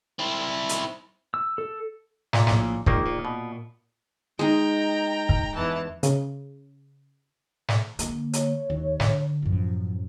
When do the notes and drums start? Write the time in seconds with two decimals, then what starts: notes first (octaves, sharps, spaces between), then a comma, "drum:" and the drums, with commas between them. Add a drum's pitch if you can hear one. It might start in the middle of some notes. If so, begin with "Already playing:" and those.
0.19 C4 E4
0.69 drum: hi-hat
1.34 E6
1.58 A4
2.33 A#2, drum: snare
2.47 A#1 A2, drum: snare
2.86 A#1 G#2 D#3 A#3, drum: kick
3.05 A#2
3.25 B2
4.39 G#3 D#4 G5 A#5
5.29 drum: kick
5.54 E2 E3 A5
6.03 C#3, drum: hi-hat
7.68 drum: snare
7.99 D3 A#3, drum: hi-hat
8.33 C#5, drum: hi-hat
8.70 D#2
9.00 D3, drum: snare
9.42 A1 F#2 F3